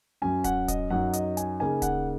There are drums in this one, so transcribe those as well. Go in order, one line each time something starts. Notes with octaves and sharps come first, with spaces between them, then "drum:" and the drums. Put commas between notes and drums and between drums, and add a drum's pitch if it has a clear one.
F#2 F#3 C#4 G#5
F#5, drum: kick D1, hi-hat
D#5, drum: kick D1, hi-hat
F#2 F#3 D#4 F#5
D#5, drum: hi-hat
G#5, drum: hi-hat
C#3 A#3 D#4 G#5
F#5, drum: kick D1, hi-hat